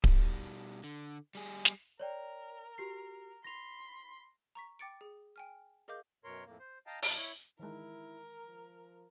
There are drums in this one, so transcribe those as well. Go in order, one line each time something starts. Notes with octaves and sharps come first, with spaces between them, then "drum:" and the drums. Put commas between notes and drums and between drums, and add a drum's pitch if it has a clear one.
B2 G3, drum: kick D1
D3
G3 G#4
drum: snare
A#4 C#5 D5 G5
F#4 G4 C7
B5 C6 A#6 F7
A#5 C#6 B6
G5 D6 A6 C#7 D7
G#4
G5 G#5 F6
G#4 A#4 D#5 F5 D6 G6
F#2 B2 A#4 C#5 C6
F2 A2 A#3
C5
D#5 F5 G5 A5 A#5
G2 A5, drum: open hi-hat
E4 C#5
D#3 E3 G#3 E4 A#4
F3